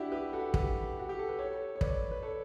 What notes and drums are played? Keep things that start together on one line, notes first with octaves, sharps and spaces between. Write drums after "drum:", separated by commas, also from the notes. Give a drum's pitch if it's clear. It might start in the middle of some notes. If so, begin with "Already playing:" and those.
Already playing: D4 E4 F#4 G4
G4 B4
F#4 A4
G4 B4, drum: kick
F#4
G4
A4
B4
A4 C#5
C#5
B4 D5, drum: kick
B4
A4 C#5